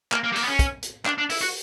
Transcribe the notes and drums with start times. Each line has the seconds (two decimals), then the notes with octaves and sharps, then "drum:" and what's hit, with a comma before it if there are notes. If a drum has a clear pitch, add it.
0.12 A#3, drum: clap
0.24 A#3
0.32 G3
0.36 A#3, drum: open hi-hat
0.43 B3
0.48 C#4
0.59 drum: kick, hi-hat
0.83 drum: hi-hat
1.06 D4, drum: clap
1.18 D4
1.30 E4, drum: open hi-hat
1.41 F#4